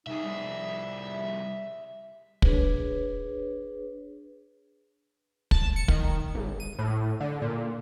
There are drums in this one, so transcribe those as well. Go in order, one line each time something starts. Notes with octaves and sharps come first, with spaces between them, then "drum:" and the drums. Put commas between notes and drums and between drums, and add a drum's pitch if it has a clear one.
C2 D#4 G#4 E5
G3
D4 G#4 B4 C#5, drum: kick
A5, drum: kick
C#7
D#3, drum: kick
G#1
D#7
A2
D3
A#2